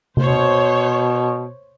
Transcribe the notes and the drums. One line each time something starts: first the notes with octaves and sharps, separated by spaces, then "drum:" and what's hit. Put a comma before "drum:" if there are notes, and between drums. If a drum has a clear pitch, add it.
B2 C5 C#5, drum: tom C3